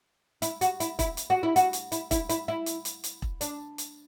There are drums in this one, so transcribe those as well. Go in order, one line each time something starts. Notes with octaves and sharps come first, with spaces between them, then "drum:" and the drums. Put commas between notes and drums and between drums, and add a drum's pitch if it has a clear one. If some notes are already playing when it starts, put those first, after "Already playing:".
E4, drum: hi-hat
F#4, drum: hi-hat
E4, drum: hi-hat
E4, drum: kick E1, hi-hat
drum: hi-hat
F#4
E4
F#4, drum: hi-hat
drum: hi-hat
E4, drum: hi-hat
E4, drum: kick E1, hi-hat
E4, drum: hi-hat
E4
drum: hi-hat
drum: hi-hat
drum: hi-hat
drum: kick E1
D4, drum: hi-hat
drum: hi-hat